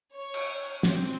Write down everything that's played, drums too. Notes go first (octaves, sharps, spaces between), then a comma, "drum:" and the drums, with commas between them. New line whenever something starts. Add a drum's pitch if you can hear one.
C#5
drum: cymbal
C4, drum: snare